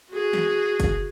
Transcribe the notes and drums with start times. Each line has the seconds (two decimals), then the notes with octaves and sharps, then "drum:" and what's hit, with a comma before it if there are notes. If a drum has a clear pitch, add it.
0.10 F#4 G#4
0.33 drum: snare
0.80 drum: kick F#1, hi-hat